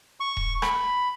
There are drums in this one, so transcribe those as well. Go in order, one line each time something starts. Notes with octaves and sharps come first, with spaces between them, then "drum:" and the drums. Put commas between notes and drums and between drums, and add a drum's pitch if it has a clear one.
C#6
drum: kick D#1
B5, drum: rim click